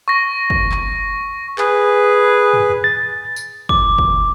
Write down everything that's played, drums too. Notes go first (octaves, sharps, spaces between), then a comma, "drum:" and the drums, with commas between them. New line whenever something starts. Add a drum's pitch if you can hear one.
C#6 A#6
drum: kick
drum: clap
G#4 B4, drum: clap
drum: tom
A6
drum: tambourine
D6, drum: kick
drum: kick